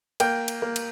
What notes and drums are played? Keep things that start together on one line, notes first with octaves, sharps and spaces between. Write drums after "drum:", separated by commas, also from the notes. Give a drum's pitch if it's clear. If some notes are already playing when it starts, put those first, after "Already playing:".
A#3 G5, drum: cymbal
drum: cymbal
A#3
drum: cymbal